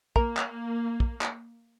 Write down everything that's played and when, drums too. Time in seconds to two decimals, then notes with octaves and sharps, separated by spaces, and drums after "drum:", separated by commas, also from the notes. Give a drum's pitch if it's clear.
0.16 A#3 A#4, drum: kick
0.37 drum: clap
1.00 drum: kick
1.21 drum: clap